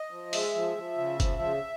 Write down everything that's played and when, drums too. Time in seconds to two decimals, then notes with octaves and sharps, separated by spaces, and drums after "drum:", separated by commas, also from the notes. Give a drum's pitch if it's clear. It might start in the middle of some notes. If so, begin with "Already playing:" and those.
Already playing: D#5
0.11 F3
0.33 G#3 E5, drum: open hi-hat
0.55 F3
0.77 F3
0.98 C#3
1.20 F3, drum: kick, hi-hat
1.42 C#3